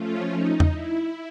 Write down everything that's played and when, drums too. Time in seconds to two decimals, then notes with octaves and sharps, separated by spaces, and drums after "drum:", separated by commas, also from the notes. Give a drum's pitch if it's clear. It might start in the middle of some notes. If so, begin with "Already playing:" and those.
Already playing: F3 A3 C#4 F4
0.31 D#4
0.60 drum: tom E2
0.70 E4